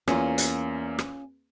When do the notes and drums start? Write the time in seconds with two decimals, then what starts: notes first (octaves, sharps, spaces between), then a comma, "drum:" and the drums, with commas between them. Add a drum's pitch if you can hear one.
0.08 E2 A#3 C#4 F4, drum: rim click
0.38 drum: hi-hat
0.99 drum: rim click